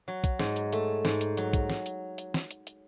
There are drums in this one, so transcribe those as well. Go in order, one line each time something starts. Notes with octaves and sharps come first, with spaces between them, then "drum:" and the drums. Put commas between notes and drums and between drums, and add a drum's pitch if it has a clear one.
F#3
drum: kick, hi-hat
G#2, drum: snare
drum: hi-hat
A3, drum: hi-hat
G#2, drum: snare
drum: hi-hat
F#3, drum: hi-hat
drum: kick, hi-hat
drum: snare
drum: hi-hat
drum: hi-hat
drum: snare
drum: hi-hat
drum: hi-hat